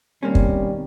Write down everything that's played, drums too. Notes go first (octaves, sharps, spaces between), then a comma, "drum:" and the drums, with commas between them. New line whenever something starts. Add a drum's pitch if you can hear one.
B2 D#3 G3 A#3 C4 C#4
drum: kick